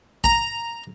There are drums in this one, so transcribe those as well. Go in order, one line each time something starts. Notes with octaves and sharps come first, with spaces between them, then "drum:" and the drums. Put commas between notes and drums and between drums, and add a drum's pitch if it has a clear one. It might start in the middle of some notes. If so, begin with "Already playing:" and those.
A#5, drum: kick A#1